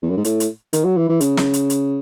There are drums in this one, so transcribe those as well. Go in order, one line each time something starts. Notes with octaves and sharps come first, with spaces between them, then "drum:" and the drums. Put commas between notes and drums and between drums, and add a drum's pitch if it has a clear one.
E2
F#2
G#2
A2, drum: hi-hat
drum: hi-hat
D#3, drum: hi-hat
F#3
E3
E3
C#3, drum: hi-hat
drum: snare
drum: hi-hat
drum: hi-hat